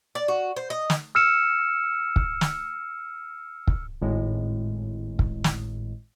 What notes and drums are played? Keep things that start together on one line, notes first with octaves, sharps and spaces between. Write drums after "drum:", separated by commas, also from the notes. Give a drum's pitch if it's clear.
D5
F#4
C5
D#5
drum: snare
E6 F6 C#7 E7
drum: kick
drum: snare
drum: kick
G#1 A2 G#3
drum: kick
drum: snare